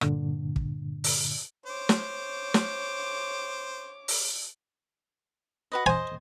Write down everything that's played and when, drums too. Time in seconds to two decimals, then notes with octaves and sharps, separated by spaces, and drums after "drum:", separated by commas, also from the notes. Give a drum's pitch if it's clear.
0.01 G2 A#2 D3, drum: rim click
0.56 drum: kick
1.04 drum: open hi-hat
1.66 C5 C#5 D6
1.89 drum: snare
2.54 drum: snare
4.08 drum: open hi-hat
5.72 F#4 B4 D#5
5.86 C5 D#5 G#5